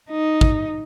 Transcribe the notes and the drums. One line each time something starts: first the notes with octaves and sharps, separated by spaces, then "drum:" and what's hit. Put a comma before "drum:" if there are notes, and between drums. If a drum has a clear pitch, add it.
D#4
drum: kick G#1